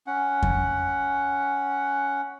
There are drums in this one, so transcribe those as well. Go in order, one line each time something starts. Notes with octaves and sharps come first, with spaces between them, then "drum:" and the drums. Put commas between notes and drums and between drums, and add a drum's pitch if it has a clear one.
C#4 F#5
drum: kick F2